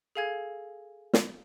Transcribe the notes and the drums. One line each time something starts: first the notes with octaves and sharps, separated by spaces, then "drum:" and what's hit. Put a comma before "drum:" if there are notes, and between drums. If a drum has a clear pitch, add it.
G#4 A4 F5 G#5 G#6
drum: snare